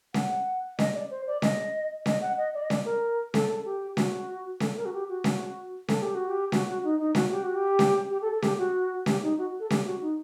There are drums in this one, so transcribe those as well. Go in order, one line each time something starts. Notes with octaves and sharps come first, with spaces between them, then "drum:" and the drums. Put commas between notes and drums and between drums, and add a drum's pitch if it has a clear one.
F#5, drum: snare C#4
D#5, drum: snare C#4
D5
C5
D5
D#5, drum: snare C#4
D#5, drum: snare C#4
F#5
D#5
D5
D#5
D5, drum: snare C#4
A#4
A4, drum: snare C#4
A4
G4
F#4, drum: snare C#4
A4, drum: snare C#4
A#4
F#4
G4
F#4
drum: snare C#4
A4, drum: snare C#4
G4
F#4
G4
F#4, drum: snare C#4
F#4
D#4
D#4
F#4, drum: snare C#4
G4
F#4
G4
drum: snare C#4
G4
A4
A4
G4, drum: snare C#4
F#4
G4, drum: snare C#4
D#4
F#4
A4
G4, drum: snare C#4
F#4
D#4